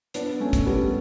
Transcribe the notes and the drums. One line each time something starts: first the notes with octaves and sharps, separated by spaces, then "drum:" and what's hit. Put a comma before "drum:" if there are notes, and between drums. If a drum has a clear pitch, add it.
B3 D4, drum: hi-hat
A3 C#4
drum: kick, hi-hat
G3 B3